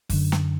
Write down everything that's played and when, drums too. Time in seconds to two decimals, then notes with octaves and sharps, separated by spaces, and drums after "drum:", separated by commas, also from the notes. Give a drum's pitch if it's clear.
0.10 F#2 D3, drum: kick F1, open hi-hat
0.32 drum: snare